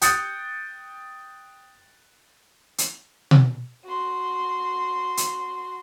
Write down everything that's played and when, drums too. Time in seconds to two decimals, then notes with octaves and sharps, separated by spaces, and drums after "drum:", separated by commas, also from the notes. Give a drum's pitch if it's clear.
0.02 G5 D#6 F#6 G6 A6 C#7, drum: hi-hat
2.78 drum: hi-hat
3.31 drum: tom B2
3.85 F#4 C6
5.17 drum: hi-hat